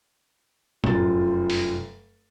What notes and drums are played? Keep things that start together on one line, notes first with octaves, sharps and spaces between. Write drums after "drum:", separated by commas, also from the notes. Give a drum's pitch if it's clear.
F1 F#2 F4 A6, drum: tom A2
drum: open hi-hat